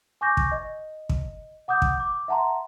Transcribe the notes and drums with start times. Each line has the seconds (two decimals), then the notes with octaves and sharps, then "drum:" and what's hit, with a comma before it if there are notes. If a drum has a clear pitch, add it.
0.21 G#5 C#6 D6 G6 A#6
0.37 drum: kick
0.52 D#5
1.09 drum: kick
1.68 F#5 D6 D#6 G6
1.82 drum: kick
2.00 D6
2.28 E5 F#5 A5 A#5 C6